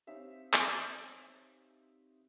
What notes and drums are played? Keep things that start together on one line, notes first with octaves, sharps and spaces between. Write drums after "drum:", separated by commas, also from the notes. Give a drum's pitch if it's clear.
C4 D#4 G4 C#5 E5 F5
drum: clap